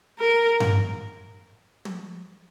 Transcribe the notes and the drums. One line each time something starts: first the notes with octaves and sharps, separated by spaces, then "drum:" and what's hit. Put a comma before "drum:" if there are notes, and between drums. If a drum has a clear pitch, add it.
A#4
drum: tom G2
drum: tom